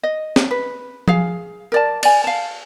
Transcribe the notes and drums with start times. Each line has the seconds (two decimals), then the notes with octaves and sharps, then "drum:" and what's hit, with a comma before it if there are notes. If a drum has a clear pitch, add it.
0.03 D#5
0.36 drum: snare C4
0.51 B4
1.08 G#4 F5, drum: tom F3
1.72 A#4 D5 A5
2.03 D5 G#5, drum: cymbal
2.24 F5 A5